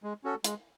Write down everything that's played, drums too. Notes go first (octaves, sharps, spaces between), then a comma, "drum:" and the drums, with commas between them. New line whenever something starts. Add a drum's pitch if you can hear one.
G#3
C#4 F#4 A4
G#3, drum: hi-hat